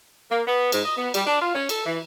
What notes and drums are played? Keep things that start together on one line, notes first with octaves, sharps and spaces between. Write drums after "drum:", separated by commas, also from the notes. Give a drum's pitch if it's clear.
A#3
B3
G#2, drum: cymbal
D#5
B3
G3, drum: cymbal
D4
F4
C#4
A4, drum: cymbal
E3